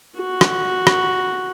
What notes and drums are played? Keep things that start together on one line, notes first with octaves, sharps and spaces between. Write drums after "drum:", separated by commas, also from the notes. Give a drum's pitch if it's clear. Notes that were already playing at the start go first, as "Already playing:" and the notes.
F#4
drum: rim click
drum: rim click